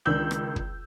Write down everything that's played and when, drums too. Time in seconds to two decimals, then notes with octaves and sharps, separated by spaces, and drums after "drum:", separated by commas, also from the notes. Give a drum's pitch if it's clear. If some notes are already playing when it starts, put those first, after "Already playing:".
0.05 C#2 D#3 D4 E6 G6 F#7
0.31 drum: rim click
0.56 drum: kick